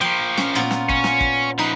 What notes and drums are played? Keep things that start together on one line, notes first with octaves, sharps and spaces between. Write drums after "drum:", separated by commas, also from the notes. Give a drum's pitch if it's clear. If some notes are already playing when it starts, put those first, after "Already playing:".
F3 A#3 G5 C6
C#4, drum: snare
A#2 B3 F4
drum: snare
C#4, drum: kick
drum: snare
drum: kick
F3 D#4 B4